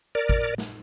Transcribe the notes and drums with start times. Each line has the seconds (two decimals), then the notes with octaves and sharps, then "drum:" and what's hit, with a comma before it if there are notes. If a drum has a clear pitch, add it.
0.15 A#4 D5
0.29 drum: kick
0.58 drum: snare